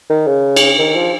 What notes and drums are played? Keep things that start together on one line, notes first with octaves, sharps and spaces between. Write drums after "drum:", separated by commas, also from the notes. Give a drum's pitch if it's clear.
D#3
C#3
drum: cymbal
D#3
F3